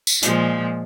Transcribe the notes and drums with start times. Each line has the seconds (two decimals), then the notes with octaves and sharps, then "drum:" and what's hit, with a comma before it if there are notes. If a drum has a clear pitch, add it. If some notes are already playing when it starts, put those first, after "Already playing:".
0.07 drum: tambourine
0.22 A#2 F3 G#3, drum: hi-hat